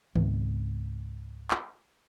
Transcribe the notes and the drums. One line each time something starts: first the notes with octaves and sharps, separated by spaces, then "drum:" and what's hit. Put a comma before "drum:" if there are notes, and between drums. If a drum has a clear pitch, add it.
C#2 G#2 B3 C4, drum: tom D#3
drum: clap